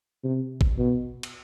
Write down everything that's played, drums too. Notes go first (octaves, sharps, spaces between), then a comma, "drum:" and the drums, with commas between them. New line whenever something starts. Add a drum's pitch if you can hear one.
C3
drum: kick G#1
B2
drum: cymbal